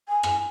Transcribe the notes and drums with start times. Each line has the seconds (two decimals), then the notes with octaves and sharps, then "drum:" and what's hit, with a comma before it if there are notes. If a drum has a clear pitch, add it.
0.08 G#5
0.23 drum: rim click